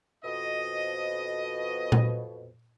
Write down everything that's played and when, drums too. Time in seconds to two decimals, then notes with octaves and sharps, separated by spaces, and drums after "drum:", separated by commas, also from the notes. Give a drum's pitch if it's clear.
0.24 F2 B2 D#5
1.92 drum: tom A#2